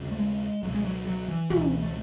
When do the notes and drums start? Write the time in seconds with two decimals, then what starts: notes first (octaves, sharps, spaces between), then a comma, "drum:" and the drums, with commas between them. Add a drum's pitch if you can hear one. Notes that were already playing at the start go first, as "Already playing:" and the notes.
Already playing: D#2 C#3
0.11 A3
0.19 G#3
0.63 C#2 B2 F#3
0.75 G#3
0.85 F#3
1.07 F#3
1.28 E3
1.50 C#2 B2 E3, drum: tom
1.83 A3